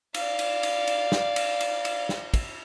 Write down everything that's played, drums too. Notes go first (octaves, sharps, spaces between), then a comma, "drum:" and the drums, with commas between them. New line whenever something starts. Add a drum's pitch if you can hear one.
D5 F5, drum: cymbal
drum: cymbal
drum: cymbal
drum: cymbal
drum: snare
drum: cymbal
drum: cymbal
drum: cymbal
drum: snare
drum: kick, cymbal